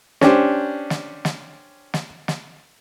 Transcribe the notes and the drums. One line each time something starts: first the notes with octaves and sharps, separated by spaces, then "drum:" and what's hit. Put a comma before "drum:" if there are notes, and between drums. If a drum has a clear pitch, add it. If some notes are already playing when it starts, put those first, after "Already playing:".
C#4 D4 G4 C5, drum: snare
drum: snare
drum: snare
drum: snare
drum: snare